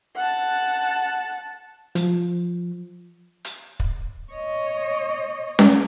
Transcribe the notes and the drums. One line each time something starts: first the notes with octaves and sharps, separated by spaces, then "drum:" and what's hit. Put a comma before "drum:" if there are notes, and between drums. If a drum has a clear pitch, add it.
F#5 A5
F3, drum: hi-hat
drum: hi-hat
drum: kick
C#5 D#5
drum: snare C#4